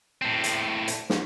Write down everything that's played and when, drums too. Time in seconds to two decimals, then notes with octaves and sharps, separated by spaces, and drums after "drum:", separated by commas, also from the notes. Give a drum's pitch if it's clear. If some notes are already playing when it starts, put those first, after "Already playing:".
0.22 A2 C4
0.44 drum: hi-hat
0.88 drum: hi-hat
1.10 drum: snare